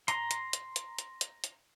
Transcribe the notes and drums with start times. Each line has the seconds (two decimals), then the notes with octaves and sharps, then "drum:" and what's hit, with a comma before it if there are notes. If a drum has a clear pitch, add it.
0.08 A#5 C6, drum: hi-hat
0.31 drum: hi-hat
0.53 drum: hi-hat
0.76 drum: hi-hat
0.98 drum: hi-hat
1.21 drum: hi-hat
1.44 drum: hi-hat